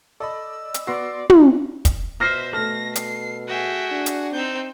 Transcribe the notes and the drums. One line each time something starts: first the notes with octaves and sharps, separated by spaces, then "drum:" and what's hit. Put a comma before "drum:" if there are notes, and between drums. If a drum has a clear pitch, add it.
A4 D5 D#5 B5 E6
drum: hi-hat
B3 F#4 D5 C6 A#6 C7
drum: tom
drum: kick, hi-hat
B2 C5 E5 F6 A#6 C7
A3 A4 F6 A#6
C7, drum: hi-hat
F#4 G#4 E5 G5
D4
drum: hi-hat
C4 D#4 E6 G6